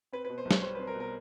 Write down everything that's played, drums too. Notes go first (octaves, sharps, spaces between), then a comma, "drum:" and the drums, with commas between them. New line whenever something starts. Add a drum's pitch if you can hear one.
C4 B4
B2 B4
C5
B1
C#5, drum: snare
G3 C5
C4 B4
A#4
B2
A#4